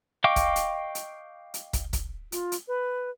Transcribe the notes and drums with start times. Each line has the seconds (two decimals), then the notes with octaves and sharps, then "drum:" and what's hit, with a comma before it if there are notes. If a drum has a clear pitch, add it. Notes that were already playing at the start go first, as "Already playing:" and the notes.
0.24 D#5 F5 G5 C#6 D6
0.36 drum: kick, hi-hat
0.56 drum: hi-hat
0.95 drum: hi-hat
1.54 drum: hi-hat
1.73 drum: kick, hi-hat
1.93 drum: kick, hi-hat
2.32 F4, drum: hi-hat
2.52 drum: hi-hat
2.68 B4